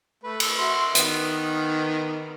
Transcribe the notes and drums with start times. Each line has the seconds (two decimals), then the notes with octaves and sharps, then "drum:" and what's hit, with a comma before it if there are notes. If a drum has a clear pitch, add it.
0.24 A3 B4
0.40 drum: cymbal
0.58 F#4 E5 C6
0.95 D#3 B3, drum: hi-hat